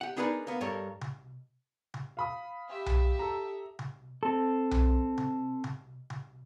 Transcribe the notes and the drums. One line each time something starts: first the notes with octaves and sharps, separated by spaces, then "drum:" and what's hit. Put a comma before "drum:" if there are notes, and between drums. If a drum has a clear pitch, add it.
G4 F#5
B3 D4 D#4 G#4 A#4 B4
A#3 B3
G2 A4 A#4 C#5
drum: tom C3
drum: tom C3
F5 B5 D#6
G4 E5
drum: tom B1
A4 A#5
drum: tom C3
C4 A4
drum: tom B1
drum: tom C3
drum: tom C3
drum: tom C3